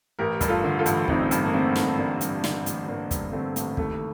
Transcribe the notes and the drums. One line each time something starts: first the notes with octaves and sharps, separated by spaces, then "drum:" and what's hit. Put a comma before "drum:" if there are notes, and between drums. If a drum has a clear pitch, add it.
A1 G4 A#4
G2, drum: kick, hi-hat
F4 A4
D3
F4 A4
A1, drum: hi-hat
A1 C4 D#4, drum: kick
G2, drum: hi-hat
A#3
D3 A3 C4
A1, drum: snare
A1 A#3 D4
G2, drum: hi-hat
D3, drum: snare
A1, drum: hi-hat
A1 A#3 D4
G2, drum: kick, hi-hat
D3 A3 C4
A1, drum: hi-hat
D#2 A3, drum: kick